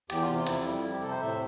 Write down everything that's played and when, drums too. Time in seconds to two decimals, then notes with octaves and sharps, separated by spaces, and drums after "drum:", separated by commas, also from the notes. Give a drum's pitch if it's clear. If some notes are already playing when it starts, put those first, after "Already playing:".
0.10 E2 G4, drum: hi-hat
0.22 F4
0.29 C3
0.34 F4
0.47 F2 E4, drum: hi-hat
0.66 G3
0.84 F2
0.93 G4
1.02 C3 A4
1.11 C5
1.21 A2 E5